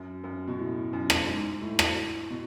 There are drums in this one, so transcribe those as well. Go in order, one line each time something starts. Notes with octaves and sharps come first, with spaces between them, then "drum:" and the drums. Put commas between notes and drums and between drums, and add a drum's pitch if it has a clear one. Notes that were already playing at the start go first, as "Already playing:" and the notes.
Already playing: F#2
F#2
B2
A2
F#2
drum: rim click
G#2
A2
drum: rim click
B2